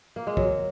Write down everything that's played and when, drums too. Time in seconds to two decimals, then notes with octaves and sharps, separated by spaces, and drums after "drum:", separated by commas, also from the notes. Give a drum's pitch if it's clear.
0.16 A#3
0.27 G#3
0.37 F#3, drum: kick